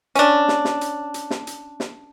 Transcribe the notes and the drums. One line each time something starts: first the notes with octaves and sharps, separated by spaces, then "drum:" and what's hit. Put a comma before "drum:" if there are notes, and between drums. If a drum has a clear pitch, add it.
C#4 D4, drum: hi-hat
drum: snare
drum: snare
drum: hi-hat
drum: hi-hat
drum: snare
drum: hi-hat
drum: snare